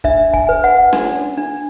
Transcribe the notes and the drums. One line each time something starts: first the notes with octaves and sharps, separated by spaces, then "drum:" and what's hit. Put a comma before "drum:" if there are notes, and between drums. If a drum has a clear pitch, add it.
D4 E5, drum: kick
G#5, drum: kick
B4
F#5
D4, drum: snare C#4
D4